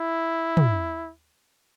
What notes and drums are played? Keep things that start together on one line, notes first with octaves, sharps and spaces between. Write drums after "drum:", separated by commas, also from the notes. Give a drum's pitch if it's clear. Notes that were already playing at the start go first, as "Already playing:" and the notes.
Already playing: E4
drum: tom